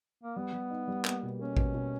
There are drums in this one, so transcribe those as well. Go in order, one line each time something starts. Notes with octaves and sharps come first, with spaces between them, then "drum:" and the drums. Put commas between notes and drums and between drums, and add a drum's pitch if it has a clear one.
A#3
G3 B3
G3
D#4
G3
A#3, drum: clap
B2
A#3 C#4
B2, drum: kick A1
B2